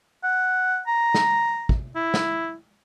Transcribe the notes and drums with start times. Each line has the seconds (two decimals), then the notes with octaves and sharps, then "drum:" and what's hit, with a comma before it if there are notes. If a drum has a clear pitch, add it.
0.24 F#5
0.88 A#5
1.14 drum: snare
1.69 drum: kick
1.96 E4
2.14 drum: snare